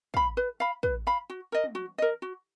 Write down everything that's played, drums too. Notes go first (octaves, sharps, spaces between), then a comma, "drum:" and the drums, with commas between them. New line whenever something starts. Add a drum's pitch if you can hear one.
F5 B5, drum: kick
B4
F5 B5
B4, drum: kick
F5 B5
F#4
A#4 D#5
drum: tom
F#4
A#4 D#5
F#4